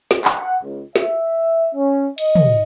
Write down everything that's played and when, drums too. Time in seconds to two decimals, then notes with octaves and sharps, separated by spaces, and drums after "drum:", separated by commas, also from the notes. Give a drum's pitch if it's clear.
0.11 drum: snare
0.25 F#5, drum: clap
0.62 C#2
0.96 E5, drum: snare
1.74 C#4
2.18 D#5, drum: cymbal
2.35 drum: tom